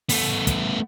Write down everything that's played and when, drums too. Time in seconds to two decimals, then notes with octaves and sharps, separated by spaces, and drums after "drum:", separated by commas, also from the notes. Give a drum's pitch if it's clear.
0.09 A3 B3, drum: open hi-hat
0.47 drum: kick, hi-hat